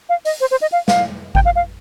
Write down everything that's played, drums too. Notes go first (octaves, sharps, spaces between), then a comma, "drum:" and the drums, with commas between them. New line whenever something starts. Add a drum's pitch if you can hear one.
F5
D#5, drum: open hi-hat
C5
C5
D#5
F5
F5, drum: snare
G5, drum: kick G#1
F5
F5